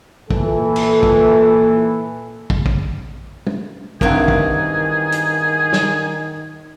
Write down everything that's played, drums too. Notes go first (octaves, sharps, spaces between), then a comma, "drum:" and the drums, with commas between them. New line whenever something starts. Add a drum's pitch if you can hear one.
A#2 E3 A4, drum: kick
drum: cymbal
drum: kick
drum: kick
drum: kick
drum: tom
G2 D#3 E3 C4 G#4 A#4 F#5, drum: kick
drum: kick
drum: hi-hat
drum: snare